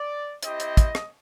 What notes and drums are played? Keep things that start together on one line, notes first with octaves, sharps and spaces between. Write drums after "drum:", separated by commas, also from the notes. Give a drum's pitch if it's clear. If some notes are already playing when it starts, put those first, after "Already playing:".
Already playing: D5
C4 E4 G4 D#5, drum: hi-hat
drum: hi-hat
drum: kick, hi-hat
drum: rim click